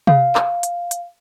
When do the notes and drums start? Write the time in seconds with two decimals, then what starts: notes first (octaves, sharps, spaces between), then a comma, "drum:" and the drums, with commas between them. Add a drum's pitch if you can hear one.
0.07 F5, drum: tom C3
0.35 drum: clap
0.63 drum: hi-hat
0.91 drum: hi-hat